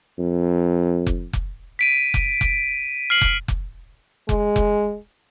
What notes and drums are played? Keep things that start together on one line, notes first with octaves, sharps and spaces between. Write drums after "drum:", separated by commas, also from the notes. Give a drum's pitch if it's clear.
F2
drum: kick F1
drum: kick F1
B6 D7 D#7
drum: kick F1
drum: kick F1
F6 C7 F#7
drum: kick F1
drum: kick F1
G#3, drum: kick F1
drum: kick F1